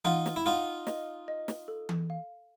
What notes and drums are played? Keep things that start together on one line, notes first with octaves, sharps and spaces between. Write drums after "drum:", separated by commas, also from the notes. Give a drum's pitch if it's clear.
D#4 F4 F#5, drum: tom E3
drum: snare
E4
D#4 F4 F#5
D#5, drum: snare
D#5
drum: snare
A4
drum: tom E3
F5